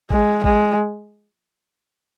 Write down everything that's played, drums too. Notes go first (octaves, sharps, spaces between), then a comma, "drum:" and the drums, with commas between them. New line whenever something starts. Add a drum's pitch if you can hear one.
G#3, drum: kick
G#3, drum: kick